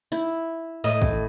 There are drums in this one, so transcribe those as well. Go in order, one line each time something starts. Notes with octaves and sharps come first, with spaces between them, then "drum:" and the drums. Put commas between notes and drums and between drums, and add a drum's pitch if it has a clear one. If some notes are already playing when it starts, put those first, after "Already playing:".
E4
A2 D#5
drum: kick